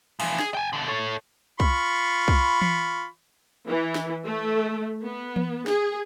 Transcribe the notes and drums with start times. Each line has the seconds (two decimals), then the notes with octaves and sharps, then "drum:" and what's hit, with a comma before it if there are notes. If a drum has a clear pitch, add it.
0.20 E3 F3, drum: open hi-hat
0.39 G#4, drum: snare
0.54 G5 G#5
0.73 B2 D3
0.88 A4 C#5
1.60 F4 B5 C#6, drum: kick C2
2.28 drum: kick C2
2.62 drum: tom E3
3.66 E3
3.95 drum: snare
4.24 A3
5.02 B3
5.36 drum: tom E3
5.67 G#4, drum: snare